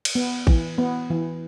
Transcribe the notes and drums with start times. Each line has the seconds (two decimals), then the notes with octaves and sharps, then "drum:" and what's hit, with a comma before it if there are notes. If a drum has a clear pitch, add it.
0.05 drum: cymbal
0.15 B3
0.47 E3, drum: kick A1
0.78 B3
1.10 E3